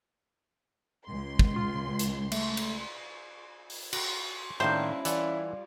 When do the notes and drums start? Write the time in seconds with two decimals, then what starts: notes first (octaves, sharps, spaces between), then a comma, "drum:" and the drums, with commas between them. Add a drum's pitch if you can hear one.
1.06 C#2 C6
1.39 drum: kick
1.56 F4
1.99 drum: hi-hat
2.32 A3, drum: cymbal
2.57 drum: cymbal
3.70 drum: open hi-hat
3.93 F#4 G5, drum: cymbal
4.60 A2 D#3 G3 A#3 C#4 D4 E4 C5
5.05 E3 G3 F4 F#5 A5, drum: hi-hat